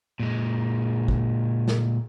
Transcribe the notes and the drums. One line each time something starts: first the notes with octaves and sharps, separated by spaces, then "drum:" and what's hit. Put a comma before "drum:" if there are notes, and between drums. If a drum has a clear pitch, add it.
A#2 G#3
drum: kick
drum: snare